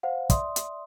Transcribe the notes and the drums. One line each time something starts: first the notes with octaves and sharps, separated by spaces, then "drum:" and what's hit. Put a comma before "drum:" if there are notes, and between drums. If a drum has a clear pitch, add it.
C5 F5 F#5
D5 E5 C6 D#6, drum: kick, hi-hat
drum: hi-hat